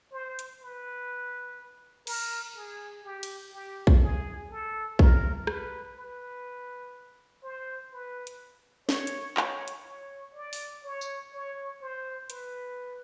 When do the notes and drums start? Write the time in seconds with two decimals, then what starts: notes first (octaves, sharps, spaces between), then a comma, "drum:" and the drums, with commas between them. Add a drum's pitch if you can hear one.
0.12 C5
0.39 drum: hi-hat
0.61 B4
2.07 A#4, drum: cymbal
2.56 G#4
3.04 G4
3.23 drum: cymbal
3.52 G4
3.87 drum: kick A#1
4.01 G#4
4.51 A4
4.99 A#4, drum: kick A#1
5.47 B4, drum: rim click
5.97 B4
7.43 C5
7.92 B4
8.27 drum: hi-hat
8.89 C#5, drum: snare
9.07 drum: hi-hat
9.37 C#5, drum: clap
9.68 drum: hi-hat
9.87 C#5
10.35 D5
10.53 drum: open hi-hat
10.83 C#5
11.01 drum: tambourine
11.33 C#5
11.82 C5
12.30 B4, drum: hi-hat